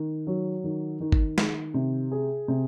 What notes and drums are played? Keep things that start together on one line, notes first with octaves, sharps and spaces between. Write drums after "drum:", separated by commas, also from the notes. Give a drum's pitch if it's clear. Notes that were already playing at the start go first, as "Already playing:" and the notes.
Already playing: D#3
F#3
D#3
D#3
drum: kick
D#3, drum: snare
C3
G#4
C3